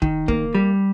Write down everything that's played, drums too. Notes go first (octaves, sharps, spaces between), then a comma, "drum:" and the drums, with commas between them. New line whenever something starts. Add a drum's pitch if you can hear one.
D#3, drum: kick
A#3, drum: kick
G3